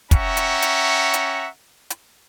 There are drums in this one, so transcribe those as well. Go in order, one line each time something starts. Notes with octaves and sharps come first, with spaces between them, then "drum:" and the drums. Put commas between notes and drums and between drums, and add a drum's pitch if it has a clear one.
C#4 E5 F#5 G5 A#5 C#6, drum: kick, hi-hat
drum: hi-hat
drum: hi-hat
drum: hi-hat
drum: hi-hat